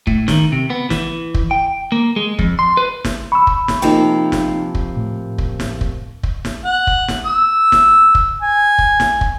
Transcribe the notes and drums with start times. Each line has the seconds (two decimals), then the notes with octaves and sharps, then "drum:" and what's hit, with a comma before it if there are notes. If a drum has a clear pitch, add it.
0.07 A2, drum: kick
0.28 D#3, drum: snare
0.52 C3
0.70 B3
0.90 E3, drum: snare
1.34 drum: kick
1.51 G5
1.92 A#3
2.16 G#3
2.39 F2, drum: kick
2.59 C6
2.77 B4
3.05 drum: snare
3.32 B5 C#6 E6
3.47 drum: kick
3.68 drum: snare
3.82 C3 F3 A#3 D#4 G5
4.32 drum: snare
4.75 drum: kick
4.96 A2
5.38 drum: kick
5.60 drum: snare
5.81 drum: kick
6.23 drum: kick
6.45 drum: snare
6.65 F#5
6.87 drum: kick
7.08 drum: snare
7.26 E6
7.72 drum: snare
8.15 drum: kick
8.42 G#5
8.79 drum: kick
9.00 drum: snare
9.21 drum: kick